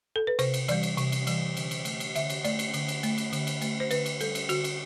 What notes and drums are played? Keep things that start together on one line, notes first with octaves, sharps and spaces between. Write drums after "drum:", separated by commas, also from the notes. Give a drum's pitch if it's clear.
A4
B4
C3 C5, drum: cymbal
drum: cymbal
E3 G3 D5, drum: cymbal
drum: cymbal
C3, drum: cymbal
drum: cymbal
E3 G3, drum: cymbal
D3, drum: cymbal
drum: cymbal
A3, drum: cymbal
drum: cymbal
D3 E5, drum: cymbal
drum: cymbal
A3 D5, drum: cymbal
drum: cymbal
D3, drum: cymbal
drum: cymbal
A3, drum: cymbal
drum: cymbal
D3, drum: cymbal
drum: cymbal
A3, drum: cymbal
C5
D3 B4, drum: cymbal
drum: cymbal
G3 A4, drum: cymbal
drum: cymbal
D3 F#4, drum: cymbal
drum: cymbal